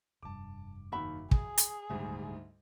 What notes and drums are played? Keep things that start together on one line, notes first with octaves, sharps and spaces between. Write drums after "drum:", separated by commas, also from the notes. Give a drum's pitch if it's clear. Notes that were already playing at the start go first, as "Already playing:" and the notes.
F1 G2 A5 D6
D#2 D#3 F#4 E5 B5
G#4 G#5, drum: kick
drum: hi-hat
D#1 G#1 D2 G#2 D3 G3 E5